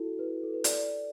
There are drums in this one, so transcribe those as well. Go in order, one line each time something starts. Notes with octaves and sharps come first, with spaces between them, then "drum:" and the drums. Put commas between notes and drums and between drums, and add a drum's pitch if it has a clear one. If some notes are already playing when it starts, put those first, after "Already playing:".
Already playing: E4 F#4 A4
B4
A4
B4
A4 D5, drum: hi-hat